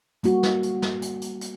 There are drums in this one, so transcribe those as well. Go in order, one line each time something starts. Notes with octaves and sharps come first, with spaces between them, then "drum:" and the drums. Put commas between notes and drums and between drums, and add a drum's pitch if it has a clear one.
G3 A#3 F#4, drum: hi-hat
drum: snare
drum: hi-hat
drum: snare
drum: hi-hat
drum: hi-hat
drum: hi-hat